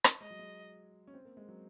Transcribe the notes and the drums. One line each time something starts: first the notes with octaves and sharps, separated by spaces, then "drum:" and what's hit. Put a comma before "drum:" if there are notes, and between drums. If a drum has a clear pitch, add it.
drum: rim click
G#3 D#5
F#3
G#3
C#4
C4
A#3
G#3
F#3